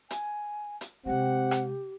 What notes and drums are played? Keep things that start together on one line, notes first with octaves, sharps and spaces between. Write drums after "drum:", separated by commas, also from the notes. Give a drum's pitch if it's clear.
G#5, drum: hi-hat
drum: hi-hat
C3 G#3 C4 G4 F#5
drum: rim click